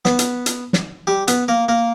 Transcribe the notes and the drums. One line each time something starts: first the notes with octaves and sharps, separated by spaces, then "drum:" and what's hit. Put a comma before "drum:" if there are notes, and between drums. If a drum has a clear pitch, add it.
B3 B4, drum: snare
drum: hi-hat
drum: hi-hat
drum: snare
G3 G4
B3 B4, drum: hi-hat
A#3 A#4
A#3 A#4